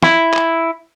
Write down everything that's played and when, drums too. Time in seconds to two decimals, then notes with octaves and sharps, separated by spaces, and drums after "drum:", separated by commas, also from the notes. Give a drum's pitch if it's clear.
0.03 E4, drum: snare
0.34 drum: clap